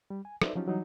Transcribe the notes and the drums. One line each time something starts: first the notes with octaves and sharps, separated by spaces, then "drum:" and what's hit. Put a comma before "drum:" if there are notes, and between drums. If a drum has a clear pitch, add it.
G3
G#5
D#4 A4 B4 C5 D5 E5, drum: rim click
F3 F#3 C#4 D#4 F4 G4
E3 F#3 G3 D#4